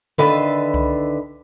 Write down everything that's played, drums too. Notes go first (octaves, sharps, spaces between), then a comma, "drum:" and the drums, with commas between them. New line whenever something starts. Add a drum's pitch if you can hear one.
D3 D#3 B4 E5 F5, drum: tom D3
drum: kick C2